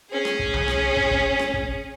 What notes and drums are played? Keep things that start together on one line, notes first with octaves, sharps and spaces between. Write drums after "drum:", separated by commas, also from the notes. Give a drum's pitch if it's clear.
C#4 G#4
drum: rim click
drum: kick
drum: tom C2
drum: rim click
drum: kick
drum: kick
drum: rim click
drum: kick